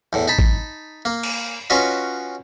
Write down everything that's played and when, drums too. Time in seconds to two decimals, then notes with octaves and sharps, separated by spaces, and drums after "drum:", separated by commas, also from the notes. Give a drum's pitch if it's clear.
0.13 E2 A2
0.28 D#4 A5 B5
0.39 drum: kick
1.05 A#3
1.23 drum: cymbal
1.70 C#4 F4 F#4 B4 D#5